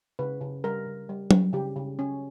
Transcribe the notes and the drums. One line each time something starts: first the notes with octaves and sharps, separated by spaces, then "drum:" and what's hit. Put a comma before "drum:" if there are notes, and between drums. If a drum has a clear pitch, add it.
C#3 B4
C#3
G3 A#4
C#3
G3
G3, drum: tom F#3
C#3 G4
C#3
C#4